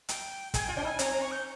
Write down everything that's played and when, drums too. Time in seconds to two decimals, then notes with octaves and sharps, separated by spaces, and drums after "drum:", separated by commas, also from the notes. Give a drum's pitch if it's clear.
0.09 G5, drum: hi-hat
0.54 G#4 G#5, drum: kick, hi-hat
0.64 G5
0.68 F4
0.75 C#4 G5
0.83 D#4
0.87 G#5
0.99 C4 A#5, drum: hi-hat
1.10 A#5
1.22 C#6
1.32 G6